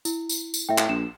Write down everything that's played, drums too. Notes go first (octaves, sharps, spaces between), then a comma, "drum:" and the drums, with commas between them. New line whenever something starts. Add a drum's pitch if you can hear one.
E4, drum: tambourine
drum: tambourine
drum: tambourine
A2 E5 G5
drum: clap
A#1 E7